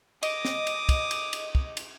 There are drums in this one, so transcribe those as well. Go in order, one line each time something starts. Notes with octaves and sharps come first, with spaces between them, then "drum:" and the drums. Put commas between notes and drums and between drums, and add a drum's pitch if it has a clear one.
D#5 D6 D#6, drum: cymbal
drum: snare
drum: cymbal
drum: kick, cymbal
drum: cymbal
drum: cymbal
drum: kick
drum: cymbal